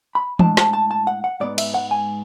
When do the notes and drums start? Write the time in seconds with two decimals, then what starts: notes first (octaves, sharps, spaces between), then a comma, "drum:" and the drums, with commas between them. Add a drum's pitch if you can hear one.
0.15 B5
0.39 A2 G#3 D4 A5, drum: tom
0.57 A5, drum: snare
0.73 A5
0.91 A5
1.07 F#5
1.24 F#5
1.40 G#2 G#3 B3 D5
1.58 E5, drum: cymbal
1.74 F#5
1.91 G#5